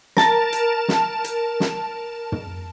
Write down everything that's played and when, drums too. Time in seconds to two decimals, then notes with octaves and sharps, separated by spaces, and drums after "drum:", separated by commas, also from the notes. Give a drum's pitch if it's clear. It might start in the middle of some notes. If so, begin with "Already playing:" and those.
0.17 A#4 A5, drum: snare
0.53 drum: hi-hat
0.88 drum: snare
1.24 drum: hi-hat
1.60 drum: snare
2.32 drum: tom